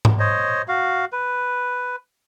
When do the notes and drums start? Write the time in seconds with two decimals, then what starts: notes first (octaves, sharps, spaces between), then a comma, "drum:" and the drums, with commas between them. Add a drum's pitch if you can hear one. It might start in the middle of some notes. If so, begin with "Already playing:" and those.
0.05 drum: tom G#2
0.19 C5 C#5 D#5
0.68 F#4 F5
1.12 B4